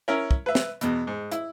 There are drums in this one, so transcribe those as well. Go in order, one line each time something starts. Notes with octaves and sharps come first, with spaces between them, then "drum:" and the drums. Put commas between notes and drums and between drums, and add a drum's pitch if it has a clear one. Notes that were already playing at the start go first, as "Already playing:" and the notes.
C#4 E4 A#4
drum: kick
B4 E5
drum: snare
E2 B2, drum: hi-hat
G#2
E4, drum: hi-hat